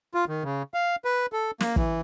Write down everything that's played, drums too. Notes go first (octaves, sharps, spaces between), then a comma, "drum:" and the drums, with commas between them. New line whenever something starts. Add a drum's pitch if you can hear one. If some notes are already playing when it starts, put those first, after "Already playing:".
F4
D#3
C#3
F5
B4
A4
A#3, drum: snare
E3, drum: kick